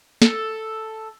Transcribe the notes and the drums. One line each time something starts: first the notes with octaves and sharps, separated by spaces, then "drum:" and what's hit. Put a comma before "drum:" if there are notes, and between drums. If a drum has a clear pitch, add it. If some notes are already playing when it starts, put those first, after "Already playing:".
A4, drum: snare